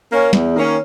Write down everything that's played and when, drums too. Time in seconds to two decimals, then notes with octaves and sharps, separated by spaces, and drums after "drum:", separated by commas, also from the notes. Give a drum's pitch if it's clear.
0.11 A#3 C#4
0.33 E2, drum: snare
0.56 D#3 A#3 C#4